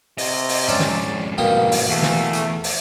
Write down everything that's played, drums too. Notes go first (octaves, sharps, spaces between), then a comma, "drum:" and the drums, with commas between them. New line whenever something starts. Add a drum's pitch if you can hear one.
C3 D#5, drum: open hi-hat
drum: open hi-hat
F2 G#2 C#4 D5 A5
drum: snare
G1 B2 A#3 G4
drum: open hi-hat
E2 A3
drum: snare
drum: hi-hat
drum: open hi-hat